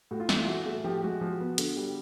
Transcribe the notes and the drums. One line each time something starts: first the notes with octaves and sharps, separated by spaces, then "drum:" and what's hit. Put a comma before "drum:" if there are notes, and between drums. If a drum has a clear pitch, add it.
A2 F#4
F4
E3 E4, drum: snare
F4
A2 F#4
A3
F3 G4
G#3 F#4
F3
B3
D3, drum: hi-hat
G3